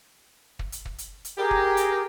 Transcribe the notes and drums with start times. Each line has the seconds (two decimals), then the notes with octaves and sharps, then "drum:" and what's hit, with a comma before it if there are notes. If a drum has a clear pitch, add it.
0.59 drum: kick
0.72 drum: hi-hat
0.85 drum: kick
0.98 drum: hi-hat
1.25 drum: hi-hat
1.38 G4 G#4 A#4
1.51 drum: kick
1.77 drum: hi-hat